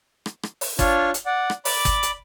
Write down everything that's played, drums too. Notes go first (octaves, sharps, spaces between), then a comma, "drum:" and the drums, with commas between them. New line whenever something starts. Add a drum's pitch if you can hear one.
drum: rim click
drum: rim click
drum: open hi-hat
D4 F4 C#5, drum: kick, hi-hat
drum: hi-hat
D5 F#5
drum: rim click
D5 B5 D6, drum: open hi-hat
drum: kick, hi-hat
drum: hi-hat